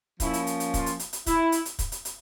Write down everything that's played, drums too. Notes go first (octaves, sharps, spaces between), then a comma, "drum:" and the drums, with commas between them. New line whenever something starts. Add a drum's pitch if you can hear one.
F3 A#3 C#4 E4, drum: kick, hi-hat
drum: hi-hat
drum: hi-hat
drum: hi-hat
F4, drum: kick, hi-hat
drum: hi-hat
drum: hi-hat
drum: hi-hat
E4, drum: kick, hi-hat
drum: hi-hat
drum: hi-hat
drum: kick, hi-hat
drum: hi-hat
drum: hi-hat